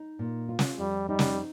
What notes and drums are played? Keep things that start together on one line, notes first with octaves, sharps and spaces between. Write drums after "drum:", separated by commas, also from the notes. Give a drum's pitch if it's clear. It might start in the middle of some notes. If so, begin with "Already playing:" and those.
Already playing: D#4
A#2
F4
drum: snare
F2 G3
G3 D#4
drum: snare